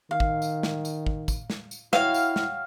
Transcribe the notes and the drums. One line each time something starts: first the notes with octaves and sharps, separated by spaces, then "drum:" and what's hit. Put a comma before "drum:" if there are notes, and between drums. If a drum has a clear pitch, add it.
D#3 F5
drum: kick
drum: tambourine
drum: snare
drum: tambourine
drum: kick
drum: kick, tambourine
drum: snare
drum: tambourine
E4 F#4 C#5 F5 G5, drum: snare
drum: tambourine
drum: snare